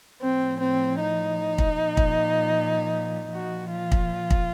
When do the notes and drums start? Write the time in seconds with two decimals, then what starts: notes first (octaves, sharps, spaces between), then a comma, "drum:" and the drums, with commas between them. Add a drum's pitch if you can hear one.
0.22 A2 F3 C4
0.61 C4
1.00 D#4
1.58 drum: kick
1.78 A#2 F3
1.97 drum: kick
3.33 A#2 F3 F#4
3.72 F4
3.92 drum: kick
4.30 drum: kick